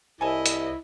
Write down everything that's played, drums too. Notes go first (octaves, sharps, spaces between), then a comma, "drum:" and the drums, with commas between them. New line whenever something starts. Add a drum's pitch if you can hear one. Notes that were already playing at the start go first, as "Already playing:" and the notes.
C2 E4 A4 D#5 G#5
drum: hi-hat